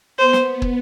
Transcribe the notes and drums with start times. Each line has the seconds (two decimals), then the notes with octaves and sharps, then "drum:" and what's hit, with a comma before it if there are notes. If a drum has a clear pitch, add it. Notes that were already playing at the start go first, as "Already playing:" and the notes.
0.18 B3 C5
0.33 drum: snare
0.62 drum: kick